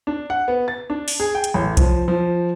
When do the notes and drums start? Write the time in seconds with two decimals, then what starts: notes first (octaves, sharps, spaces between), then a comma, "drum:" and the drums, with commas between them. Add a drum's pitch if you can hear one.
0.07 D4
0.30 F#5
0.48 B3
0.68 A6
0.90 D4
1.08 drum: open hi-hat
1.20 G#4
1.35 G5
1.44 drum: hi-hat
1.54 A1
1.77 F3, drum: kick C2, hi-hat
2.08 F3